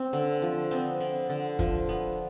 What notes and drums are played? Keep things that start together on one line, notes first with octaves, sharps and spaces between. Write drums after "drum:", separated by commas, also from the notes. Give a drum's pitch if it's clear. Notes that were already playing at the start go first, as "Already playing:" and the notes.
Already playing: C4
D3
F3
B3 C4
D3
D3
F3, drum: kick
B3